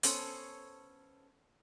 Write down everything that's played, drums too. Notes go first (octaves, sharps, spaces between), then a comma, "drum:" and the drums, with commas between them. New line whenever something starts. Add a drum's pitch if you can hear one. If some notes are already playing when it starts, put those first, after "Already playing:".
B3 C#4 A4 C5 C#5, drum: hi-hat